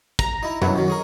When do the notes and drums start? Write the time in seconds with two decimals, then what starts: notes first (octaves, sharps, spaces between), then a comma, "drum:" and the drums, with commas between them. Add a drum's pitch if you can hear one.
0.19 A#5, drum: kick
0.43 D#4 E4
0.62 C2 F#2 B3 E4, drum: tom F#3
0.76 D#3 F#3
0.88 C#4 G#4 A#4